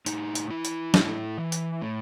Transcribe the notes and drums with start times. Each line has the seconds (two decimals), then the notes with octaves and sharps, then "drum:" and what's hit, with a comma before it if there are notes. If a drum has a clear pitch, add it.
0.06 A2 D#4, drum: hi-hat
0.35 drum: hi-hat
0.50 E3 E4
0.65 drum: hi-hat
0.94 A2, drum: snare
1.38 E3
1.52 drum: hi-hat
1.81 A2